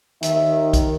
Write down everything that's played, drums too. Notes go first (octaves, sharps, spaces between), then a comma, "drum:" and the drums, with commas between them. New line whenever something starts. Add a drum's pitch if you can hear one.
D#2 D#3 E5, drum: hi-hat
drum: kick, hi-hat